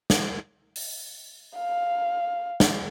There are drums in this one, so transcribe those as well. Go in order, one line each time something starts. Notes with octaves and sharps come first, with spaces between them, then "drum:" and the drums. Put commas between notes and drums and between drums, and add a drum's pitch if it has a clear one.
drum: snare
drum: open hi-hat
F5
drum: snare